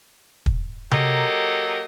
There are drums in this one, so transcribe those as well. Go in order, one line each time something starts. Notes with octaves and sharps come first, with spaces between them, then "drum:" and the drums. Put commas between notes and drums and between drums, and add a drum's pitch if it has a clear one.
drum: kick
F#3 A#3 G4 A4 A#4 D#5, drum: tom C3